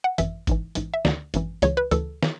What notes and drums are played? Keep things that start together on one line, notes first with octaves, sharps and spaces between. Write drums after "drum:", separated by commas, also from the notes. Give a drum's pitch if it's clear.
F#5
G#1 F#2 E3 E5, drum: hi-hat
A1 G#2 E3, drum: kick G1, hi-hat
A1 G#2 E3, drum: hi-hat
E5
D2 D3 D5, drum: snare
G#1 F#2 E3, drum: hi-hat
C#2 C#3 E3 C#5, drum: hi-hat
B4
D2 C#3 E3 A4, drum: hi-hat
E3, drum: snare